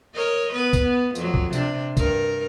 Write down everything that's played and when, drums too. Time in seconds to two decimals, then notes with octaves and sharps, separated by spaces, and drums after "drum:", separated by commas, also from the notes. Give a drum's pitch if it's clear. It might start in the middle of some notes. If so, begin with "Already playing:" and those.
0.15 A#4 C#5 D#5
0.53 B3 B4
0.73 drum: kick, tambourine
0.85 B3
1.15 F2 F#3, drum: tambourine
1.34 drum: kick
1.53 C3 D4, drum: tambourine
1.97 G2 A#4, drum: kick, tambourine